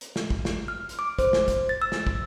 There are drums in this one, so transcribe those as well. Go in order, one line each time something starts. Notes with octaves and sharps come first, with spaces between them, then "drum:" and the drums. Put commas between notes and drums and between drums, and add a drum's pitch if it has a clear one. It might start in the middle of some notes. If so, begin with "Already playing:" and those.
drum: hi-hat
drum: snare
drum: kick
drum: snare
F6
drum: hi-hat
D6
C5, drum: kick, hi-hat
drum: snare
drum: kick, hi-hat
A6
E6
drum: snare
drum: kick